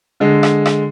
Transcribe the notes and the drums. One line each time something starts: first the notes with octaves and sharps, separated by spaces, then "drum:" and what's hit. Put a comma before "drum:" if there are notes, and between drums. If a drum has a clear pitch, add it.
D3 G#3
drum: rim click
drum: rim click